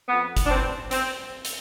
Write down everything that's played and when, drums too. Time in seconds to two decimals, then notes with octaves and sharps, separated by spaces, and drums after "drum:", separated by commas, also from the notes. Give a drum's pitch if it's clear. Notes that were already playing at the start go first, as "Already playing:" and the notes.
0.09 F2 B3
0.37 drum: kick G1, hi-hat
0.46 D4
0.50 E3 G3 C4
0.91 C4, drum: hi-hat
1.45 drum: hi-hat